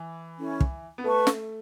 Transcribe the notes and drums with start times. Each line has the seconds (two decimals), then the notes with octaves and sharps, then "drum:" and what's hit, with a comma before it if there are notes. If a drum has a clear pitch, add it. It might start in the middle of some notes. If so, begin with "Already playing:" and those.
Already playing: E3
0.38 C#4 E4 A4
0.60 drum: kick
0.98 B3
1.04 A3 B4 A5 C#6
1.27 drum: snare